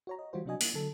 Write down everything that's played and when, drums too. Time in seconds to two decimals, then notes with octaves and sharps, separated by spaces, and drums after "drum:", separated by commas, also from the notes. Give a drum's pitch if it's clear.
0.07 F#4 C#5 A#5
0.19 D#5
0.33 E3 G3 F4 F#4 C5
0.46 C3 F#3 D4 F#4 D#5 G#5
0.61 A#3 E4, drum: open hi-hat
0.74 D3 F#3 A4